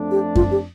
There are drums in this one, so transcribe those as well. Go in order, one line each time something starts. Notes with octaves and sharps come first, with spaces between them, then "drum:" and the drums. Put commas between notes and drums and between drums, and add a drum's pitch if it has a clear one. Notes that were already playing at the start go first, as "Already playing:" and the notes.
Already playing: F2 F3 A3 D4
G4
F4, drum: kick F#2
G4